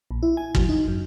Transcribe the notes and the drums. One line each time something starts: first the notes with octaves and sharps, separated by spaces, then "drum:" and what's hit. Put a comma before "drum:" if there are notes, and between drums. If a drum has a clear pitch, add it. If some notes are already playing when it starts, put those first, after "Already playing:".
A#1
E4
G#5
F#3, drum: kick
D#4
F#2